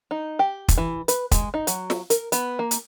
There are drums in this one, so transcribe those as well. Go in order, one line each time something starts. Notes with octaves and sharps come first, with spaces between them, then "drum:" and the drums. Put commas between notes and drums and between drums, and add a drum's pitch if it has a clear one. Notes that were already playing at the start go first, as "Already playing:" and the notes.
D#4
G4
drum: kick, hi-hat
E3
B4, drum: hi-hat
G#3, drum: kick, hi-hat
D#4
F#3, drum: hi-hat
drum: snare
A#4, drum: hi-hat
B3, drum: hi-hat
A#3
drum: hi-hat